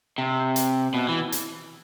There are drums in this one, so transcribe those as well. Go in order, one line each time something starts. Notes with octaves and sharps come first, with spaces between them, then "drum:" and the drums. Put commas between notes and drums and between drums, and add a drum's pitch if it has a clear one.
C3
drum: hi-hat
B2
E3
drum: hi-hat